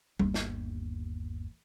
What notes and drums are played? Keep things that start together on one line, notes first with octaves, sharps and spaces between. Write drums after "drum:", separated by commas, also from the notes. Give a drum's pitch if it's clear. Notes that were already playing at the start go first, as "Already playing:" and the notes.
G1 D#2, drum: tom
drum: snare